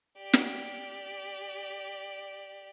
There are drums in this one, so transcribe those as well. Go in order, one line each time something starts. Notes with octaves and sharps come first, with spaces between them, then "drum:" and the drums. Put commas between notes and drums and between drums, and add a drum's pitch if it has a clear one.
G4 D5
drum: snare